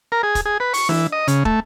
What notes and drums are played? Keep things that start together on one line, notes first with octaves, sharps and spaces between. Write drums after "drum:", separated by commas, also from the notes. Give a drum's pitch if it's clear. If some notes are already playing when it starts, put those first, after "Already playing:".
A#4
G#4
drum: kick, hi-hat
G#4
B4
C#6, drum: open hi-hat
E3, drum: snare D4
D#5
C#3, drum: hi-hat
A3, drum: kick